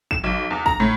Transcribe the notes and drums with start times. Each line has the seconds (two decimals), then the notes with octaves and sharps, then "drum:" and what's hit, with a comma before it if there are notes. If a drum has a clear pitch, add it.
0.11 E7, drum: kick
0.24 B1
0.51 E2
0.66 A#5, drum: kick
0.80 A2